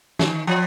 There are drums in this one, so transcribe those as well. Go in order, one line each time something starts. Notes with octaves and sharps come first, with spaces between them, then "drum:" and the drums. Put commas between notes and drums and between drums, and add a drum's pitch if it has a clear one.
D#3, drum: snare
F3